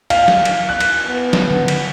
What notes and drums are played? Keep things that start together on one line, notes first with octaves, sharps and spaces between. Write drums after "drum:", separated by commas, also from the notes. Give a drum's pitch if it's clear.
F5, drum: cymbal
drum: snare
drum: cymbal
F#6
drum: cymbal
B3
drum: snare
drum: tom D3
drum: cymbal